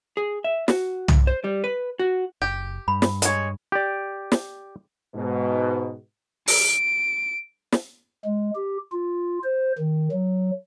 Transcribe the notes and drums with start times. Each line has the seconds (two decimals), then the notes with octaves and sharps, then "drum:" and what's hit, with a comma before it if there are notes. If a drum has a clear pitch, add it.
0.17 G#4
0.44 E5
0.68 F#4, drum: snare
1.08 drum: tom
1.27 C5
1.44 G3
1.64 B4
1.99 F#4
2.42 F#1 G4
2.88 G2 B5
3.02 drum: snare
3.22 G#3 C#5, drum: hi-hat
3.72 G4 D5
4.32 drum: snare
5.15 G#2 B2
6.48 D7, drum: open hi-hat
7.72 drum: snare
8.25 G#3
8.56 G4
8.92 F4
9.44 C5
9.79 D#3
10.12 F#3